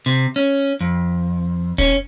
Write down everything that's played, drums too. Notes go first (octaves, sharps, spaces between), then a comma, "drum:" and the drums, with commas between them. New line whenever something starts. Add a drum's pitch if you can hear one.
C3
C#4
F2
C#4, drum: kick